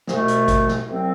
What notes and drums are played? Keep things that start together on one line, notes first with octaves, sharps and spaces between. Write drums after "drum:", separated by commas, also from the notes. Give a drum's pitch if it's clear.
C2 B2 A3, drum: snare
drum: hi-hat
drum: kick, hi-hat
drum: snare
C2 C3 F#3 C4